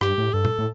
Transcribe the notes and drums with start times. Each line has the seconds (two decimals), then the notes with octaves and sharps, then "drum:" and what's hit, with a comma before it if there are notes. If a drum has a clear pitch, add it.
0.01 G2 G4, drum: rim click
0.18 A2
0.33 G2 A4
0.45 drum: tom A#2
0.59 A2